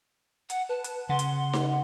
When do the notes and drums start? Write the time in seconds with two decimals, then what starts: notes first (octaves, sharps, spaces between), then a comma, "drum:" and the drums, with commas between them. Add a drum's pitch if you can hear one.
0.50 F#5, drum: hi-hat
0.69 B4 A5
0.84 drum: hi-hat
1.09 C#3 F#5 C6
1.19 drum: hi-hat
1.53 drum: snare D#4